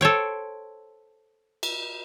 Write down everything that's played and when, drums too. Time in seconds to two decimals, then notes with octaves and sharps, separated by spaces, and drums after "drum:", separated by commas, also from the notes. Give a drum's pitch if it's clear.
0.01 A4 C5 C#5 G5
1.63 drum: cymbal